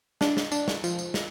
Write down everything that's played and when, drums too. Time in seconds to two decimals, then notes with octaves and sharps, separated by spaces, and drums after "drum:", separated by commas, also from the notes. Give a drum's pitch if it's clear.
0.21 D4, drum: snare
0.37 drum: snare
0.52 D4, drum: tambourine
0.68 drum: snare
0.84 F3, drum: tambourine
0.99 drum: tambourine
1.14 drum: snare